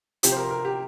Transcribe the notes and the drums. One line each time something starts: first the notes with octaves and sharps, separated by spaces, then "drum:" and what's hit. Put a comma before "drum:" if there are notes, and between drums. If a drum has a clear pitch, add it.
C3 F3 G4, drum: hi-hat
C5
A#4
A#4
G4